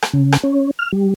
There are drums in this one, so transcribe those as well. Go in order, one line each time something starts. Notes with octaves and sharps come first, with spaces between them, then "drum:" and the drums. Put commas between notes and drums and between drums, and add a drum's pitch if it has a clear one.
drum: rim click
C#3
drum: rim click
C#4
F6
G3